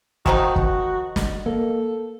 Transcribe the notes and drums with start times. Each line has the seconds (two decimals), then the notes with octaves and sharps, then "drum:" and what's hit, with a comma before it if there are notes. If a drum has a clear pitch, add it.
0.26 D#3 F3 D#4 F#4, drum: kick
0.56 drum: kick
1.16 drum: snare
1.46 A#3 A4